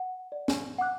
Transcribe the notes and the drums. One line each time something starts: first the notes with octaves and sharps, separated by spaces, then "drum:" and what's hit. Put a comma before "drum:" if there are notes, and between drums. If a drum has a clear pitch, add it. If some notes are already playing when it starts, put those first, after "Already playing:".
Already playing: F#5
D5
drum: snare
F#5 D6 F#6